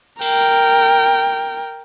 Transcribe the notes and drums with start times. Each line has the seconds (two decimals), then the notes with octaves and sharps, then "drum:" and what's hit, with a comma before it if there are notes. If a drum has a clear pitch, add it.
0.21 A#4 G5, drum: cymbal